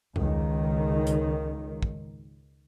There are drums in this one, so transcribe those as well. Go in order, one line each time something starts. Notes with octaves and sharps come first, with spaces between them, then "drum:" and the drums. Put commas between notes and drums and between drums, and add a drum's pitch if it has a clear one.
C#2 D#3, drum: tom E2
drum: hi-hat
drum: kick